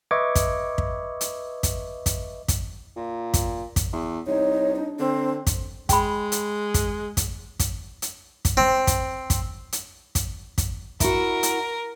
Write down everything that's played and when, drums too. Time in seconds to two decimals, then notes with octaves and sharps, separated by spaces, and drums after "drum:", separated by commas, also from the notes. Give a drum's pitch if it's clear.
0.11 B4 D#5 E5 C#6 D6 G#6
0.35 drum: kick, hi-hat
0.78 drum: kick
1.21 drum: hi-hat
1.63 drum: kick, hi-hat
2.06 drum: kick, hi-hat
2.48 drum: kick, hi-hat
2.96 A#2
3.34 drum: kick, hi-hat
3.76 drum: kick, hi-hat
3.92 E2
4.27 C2 D#4 C#5
4.76 D4
4.99 D3 C4
5.47 drum: kick, hi-hat
5.89 G#3 G5 B5, drum: kick, hi-hat
6.32 drum: hi-hat
6.74 drum: kick, hi-hat
7.17 drum: kick, hi-hat
7.60 drum: kick, hi-hat
8.02 drum: hi-hat
8.45 drum: kick, hi-hat
8.57 C4
8.87 drum: kick, hi-hat
9.30 drum: kick, hi-hat
9.72 drum: hi-hat
10.15 drum: kick, hi-hat
10.58 drum: kick, hi-hat
11.00 E4 F#4 A#4, drum: kick, hi-hat
11.43 drum: hi-hat